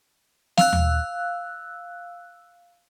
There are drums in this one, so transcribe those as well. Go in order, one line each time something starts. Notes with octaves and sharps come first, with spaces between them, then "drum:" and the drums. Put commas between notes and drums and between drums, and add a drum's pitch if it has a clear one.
F5 E6 F#6, drum: snare
drum: tom D#2